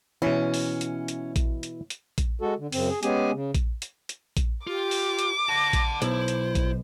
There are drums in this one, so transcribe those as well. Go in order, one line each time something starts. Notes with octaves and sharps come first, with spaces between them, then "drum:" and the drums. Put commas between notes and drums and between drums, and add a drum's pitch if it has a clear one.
B2 E3 C#4 E4
drum: open hi-hat
drum: hi-hat
drum: hi-hat
drum: kick A#1, hi-hat
drum: hi-hat
drum: hi-hat
drum: kick A#1, hi-hat
G#3 F#4 A4
D3
F#2 C#3 C4, drum: open hi-hat
G#4
G#3 B3 C#4 G4 G#4 G#5, drum: hi-hat
C#3
drum: kick A#1, hi-hat
drum: hi-hat
drum: hi-hat
drum: kick A#1, hi-hat
F4 G4 D6
drum: open hi-hat
drum: hi-hat
F#5 A5 A#6
drum: kick A#1, hi-hat
B1 E4 C5, drum: hi-hat
drum: hi-hat
drum: kick A#1, hi-hat